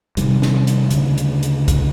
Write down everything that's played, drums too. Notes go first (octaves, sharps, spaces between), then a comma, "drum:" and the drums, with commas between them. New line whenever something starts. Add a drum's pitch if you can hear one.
C3 D#3 G3, drum: hi-hat
drum: snare
drum: hi-hat
D2 C#3, drum: hi-hat
drum: hi-hat
drum: hi-hat
drum: kick, hi-hat